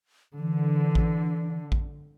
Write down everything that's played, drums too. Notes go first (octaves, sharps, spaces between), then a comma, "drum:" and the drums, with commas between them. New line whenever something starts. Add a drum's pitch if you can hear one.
D3 E3
drum: kick A1
drum: kick A1